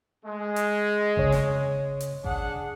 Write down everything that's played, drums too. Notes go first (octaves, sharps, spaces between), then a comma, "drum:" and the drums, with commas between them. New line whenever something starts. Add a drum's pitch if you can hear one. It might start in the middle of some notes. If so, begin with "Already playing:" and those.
G#3
drum: hi-hat
C#3 C#5, drum: kick G#1
drum: snare
drum: hi-hat
D4 G#4 F#5, drum: kick G#1